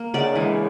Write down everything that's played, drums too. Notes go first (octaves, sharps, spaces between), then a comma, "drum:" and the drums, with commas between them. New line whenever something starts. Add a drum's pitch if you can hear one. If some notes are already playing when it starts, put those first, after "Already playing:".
Already playing: A#3
C#3 D5, drum: cymbal
E3 G#3